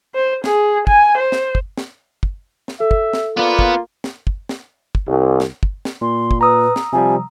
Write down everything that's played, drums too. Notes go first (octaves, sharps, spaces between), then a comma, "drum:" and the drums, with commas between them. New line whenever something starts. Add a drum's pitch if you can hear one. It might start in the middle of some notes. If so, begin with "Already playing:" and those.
C5
G#4, drum: snare
G#5, drum: kick
C5
drum: snare
drum: kick
drum: snare
drum: kick
drum: snare
A4 E5
drum: kick
drum: snare
A#3 B3 F4 B4 D5
drum: kick
drum: snare
drum: kick
drum: snare
drum: kick
C2
drum: snare
drum: kick
drum: snare
A#2 C6
drum: kick
B4 A#5 D#6 E6
drum: snare
C3 F3 G3 G#5